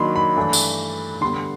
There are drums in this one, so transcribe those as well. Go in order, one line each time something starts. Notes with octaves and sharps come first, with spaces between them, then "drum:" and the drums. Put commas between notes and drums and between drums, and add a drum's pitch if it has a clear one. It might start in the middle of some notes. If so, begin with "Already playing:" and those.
Already playing: D#3 F#3 A#3 D4 B5 C6
B5
G2 E3 A3 D4
drum: tambourine
D3 G3 B3 C6